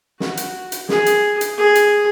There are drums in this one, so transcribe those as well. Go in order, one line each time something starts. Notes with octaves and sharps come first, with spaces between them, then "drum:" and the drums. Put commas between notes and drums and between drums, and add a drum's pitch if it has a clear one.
F#4, drum: snare
drum: hi-hat
drum: hi-hat
G#4, drum: snare
drum: hi-hat
drum: hi-hat
G#4
drum: hi-hat